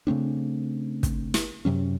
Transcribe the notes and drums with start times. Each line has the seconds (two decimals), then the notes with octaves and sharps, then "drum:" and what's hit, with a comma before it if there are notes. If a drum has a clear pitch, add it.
0.07 C#3 A3 C4 D4
1.03 drum: kick, hi-hat
1.34 drum: snare
1.65 F#2 C3 F#3 C#4